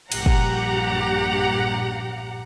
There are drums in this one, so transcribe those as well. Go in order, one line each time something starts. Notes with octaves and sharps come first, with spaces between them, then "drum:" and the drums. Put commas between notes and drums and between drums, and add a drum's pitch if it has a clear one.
A#1 G2 G4 F#5 A#5, drum: cymbal
drum: kick